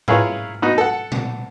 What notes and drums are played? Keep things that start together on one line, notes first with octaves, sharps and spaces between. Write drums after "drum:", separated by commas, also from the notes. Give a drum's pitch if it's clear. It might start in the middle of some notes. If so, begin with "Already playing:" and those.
E4 F4 G#4 A#4 B4 C#5, drum: tom G#2
B3 D#4 F#4
A4 F#5
drum: tom